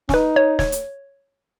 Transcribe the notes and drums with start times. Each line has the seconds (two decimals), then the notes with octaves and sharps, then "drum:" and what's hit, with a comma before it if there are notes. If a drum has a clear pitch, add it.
0.09 C#4, drum: snare
0.14 D#4 B4
0.36 C#5
0.59 C#5, drum: snare
0.72 drum: hi-hat